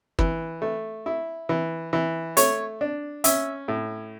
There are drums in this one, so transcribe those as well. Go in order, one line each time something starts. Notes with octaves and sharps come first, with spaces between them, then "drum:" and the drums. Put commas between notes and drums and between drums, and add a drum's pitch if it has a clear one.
E3, drum: kick
A3
E4
E3
E3
A3 C#5, drum: hi-hat
D4
C#4 E5, drum: hi-hat
A2